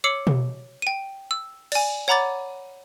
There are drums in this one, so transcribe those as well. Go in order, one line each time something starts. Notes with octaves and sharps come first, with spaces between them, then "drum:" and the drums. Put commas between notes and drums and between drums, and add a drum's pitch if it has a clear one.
C#5 D6 E6 C7 C#7 F#7
drum: tom B2
G5 D#7
E6
D5 G#5, drum: cymbal
C#5 F#5 A#5 B5 D6 A6